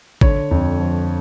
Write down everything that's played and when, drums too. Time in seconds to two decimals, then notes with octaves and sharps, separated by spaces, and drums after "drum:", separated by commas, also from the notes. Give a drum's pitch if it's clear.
0.21 D3 C#5, drum: kick
0.51 F2
0.80 F3